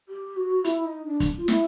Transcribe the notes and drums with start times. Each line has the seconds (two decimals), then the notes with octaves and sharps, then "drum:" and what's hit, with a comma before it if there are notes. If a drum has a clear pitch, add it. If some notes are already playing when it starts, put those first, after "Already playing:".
0.09 G4
0.36 F#4
0.64 E4, drum: hi-hat
0.85 D#4
1.06 D4
1.20 drum: kick, hi-hat
1.38 F4
1.48 E4, drum: snare